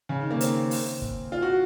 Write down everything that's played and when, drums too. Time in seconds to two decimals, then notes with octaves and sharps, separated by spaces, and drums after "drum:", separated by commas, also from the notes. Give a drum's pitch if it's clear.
0.09 C#3
0.20 D#3
0.31 A#3
0.41 C4, drum: hi-hat
0.71 drum: open hi-hat
1.02 drum: kick
1.32 F4
1.42 F#4